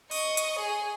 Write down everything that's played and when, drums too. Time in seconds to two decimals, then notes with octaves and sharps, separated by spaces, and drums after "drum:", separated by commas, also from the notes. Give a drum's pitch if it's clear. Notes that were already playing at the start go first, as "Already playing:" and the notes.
0.11 D#5 C#6, drum: open hi-hat
0.37 drum: hi-hat
0.59 G#4